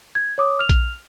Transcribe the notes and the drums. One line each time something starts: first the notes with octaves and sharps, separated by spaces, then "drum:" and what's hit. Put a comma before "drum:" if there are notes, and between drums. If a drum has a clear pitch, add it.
G#6
C#5 D6 D#6
F6 F7
drum: kick A#1, hi-hat